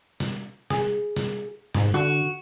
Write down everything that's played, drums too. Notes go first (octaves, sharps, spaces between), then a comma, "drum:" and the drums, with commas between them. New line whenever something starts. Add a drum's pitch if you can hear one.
drum: snare
G#4, drum: snare
drum: snare
G#2, drum: snare
D3 F#4